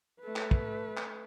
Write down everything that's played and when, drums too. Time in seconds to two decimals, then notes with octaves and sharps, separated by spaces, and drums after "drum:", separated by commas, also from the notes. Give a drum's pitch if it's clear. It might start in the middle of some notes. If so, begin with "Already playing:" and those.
0.21 A3 B4
0.36 drum: clap
0.51 drum: kick
0.97 drum: clap